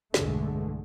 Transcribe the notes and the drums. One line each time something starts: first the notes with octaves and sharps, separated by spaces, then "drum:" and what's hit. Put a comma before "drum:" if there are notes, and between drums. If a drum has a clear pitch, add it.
B1 E2 G2 D3 G#3 A3, drum: snare